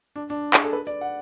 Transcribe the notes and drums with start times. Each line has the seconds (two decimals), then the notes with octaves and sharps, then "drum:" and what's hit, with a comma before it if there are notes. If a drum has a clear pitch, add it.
0.16 D4
0.30 D4
0.54 G#4, drum: clap
0.64 A4
0.73 B4
0.87 D5
1.01 F#5